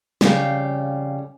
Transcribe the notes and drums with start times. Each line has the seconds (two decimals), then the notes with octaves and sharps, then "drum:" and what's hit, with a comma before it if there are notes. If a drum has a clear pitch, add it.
0.21 F2 C#3 G3 G4 F5 G5, drum: snare